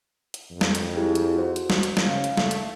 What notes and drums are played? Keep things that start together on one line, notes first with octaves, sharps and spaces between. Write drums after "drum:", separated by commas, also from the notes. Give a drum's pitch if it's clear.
drum: hi-hat
F2
drum: snare
drum: hi-hat
E4 G4 G#4
drum: hi-hat
F#4 C5
drum: hi-hat
drum: snare
drum: hi-hat
drum: snare
C#3 F5
drum: hi-hat
A3, drum: snare
drum: hi-hat